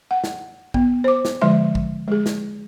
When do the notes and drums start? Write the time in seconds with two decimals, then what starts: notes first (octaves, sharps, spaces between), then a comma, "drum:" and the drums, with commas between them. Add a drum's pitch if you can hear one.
0.11 F#5
0.24 drum: snare
0.74 B3, drum: kick
1.04 C5 D6
1.25 drum: snare
1.42 D3 F3 G#3 E5 C6
1.75 drum: kick
2.08 G#3 G#4
2.26 drum: snare